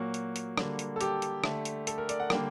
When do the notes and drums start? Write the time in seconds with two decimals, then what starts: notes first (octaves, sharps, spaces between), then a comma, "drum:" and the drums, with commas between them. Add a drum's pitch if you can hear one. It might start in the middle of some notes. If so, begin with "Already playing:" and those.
Already playing: A#2 F#3 A#3 F#4
0.14 drum: hi-hat
0.36 drum: hi-hat
0.58 D3 G3 A#3, drum: rim click
0.79 drum: hi-hat
0.96 A4
1.01 G4, drum: hi-hat
1.22 drum: hi-hat
1.44 D3 A3, drum: rim click
1.65 drum: hi-hat
1.87 A4, drum: hi-hat
1.98 A#4
2.09 D5, drum: hi-hat
2.20 F#5
2.30 D3 G3 A#3 G5, drum: rim click